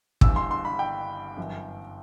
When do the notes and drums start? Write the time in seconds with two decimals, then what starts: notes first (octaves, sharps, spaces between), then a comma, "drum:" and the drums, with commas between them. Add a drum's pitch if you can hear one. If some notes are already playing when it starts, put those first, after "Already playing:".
0.21 G1 G2 E3 E6, drum: kick
0.36 C6
0.51 C6
0.65 B5
0.79 G5
1.37 G1 F#2 E3